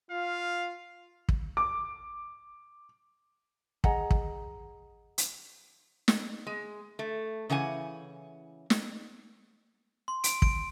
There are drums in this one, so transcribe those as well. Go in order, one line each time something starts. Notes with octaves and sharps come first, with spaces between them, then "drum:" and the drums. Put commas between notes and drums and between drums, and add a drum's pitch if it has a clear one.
F4 F5
drum: kick
D6
G#4 D#5 F#5 A#5, drum: kick
drum: kick
drum: hi-hat
drum: snare
G#3
A3
C#3 E3 F#5 G#5
drum: snare
C6
D7, drum: hi-hat
D7, drum: kick